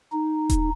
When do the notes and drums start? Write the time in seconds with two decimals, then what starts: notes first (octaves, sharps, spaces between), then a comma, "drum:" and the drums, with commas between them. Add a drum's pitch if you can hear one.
0.12 D#4
0.50 drum: kick D#1, hi-hat